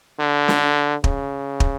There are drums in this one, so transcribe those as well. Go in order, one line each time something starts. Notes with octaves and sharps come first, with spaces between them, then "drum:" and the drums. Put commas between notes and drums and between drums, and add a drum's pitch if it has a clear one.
D3
drum: snare
C#3, drum: kick
drum: kick